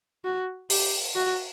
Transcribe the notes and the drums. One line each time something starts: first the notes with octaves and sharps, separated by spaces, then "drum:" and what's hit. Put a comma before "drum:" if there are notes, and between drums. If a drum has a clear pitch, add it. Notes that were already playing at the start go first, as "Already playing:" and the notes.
F#4
G4, drum: open hi-hat
F#4